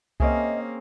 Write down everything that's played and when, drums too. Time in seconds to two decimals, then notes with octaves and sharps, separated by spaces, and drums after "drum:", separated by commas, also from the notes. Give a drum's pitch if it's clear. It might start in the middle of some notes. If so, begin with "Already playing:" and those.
0.20 A#3 C4 C#4 G#4 D#5 E5, drum: kick C2